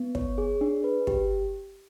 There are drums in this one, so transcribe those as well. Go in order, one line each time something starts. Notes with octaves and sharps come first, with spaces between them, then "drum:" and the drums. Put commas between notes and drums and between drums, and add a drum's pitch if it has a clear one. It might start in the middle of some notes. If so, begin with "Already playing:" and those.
Already playing: B3
C#5, drum: kick
G#4
D4
B4
G4, drum: kick